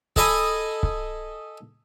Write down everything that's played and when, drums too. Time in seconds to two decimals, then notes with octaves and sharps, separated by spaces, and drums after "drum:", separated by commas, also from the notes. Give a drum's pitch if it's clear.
0.16 G#4 A4 D#5 G#5 B5 D#6, drum: kick C#1
0.83 drum: kick C#1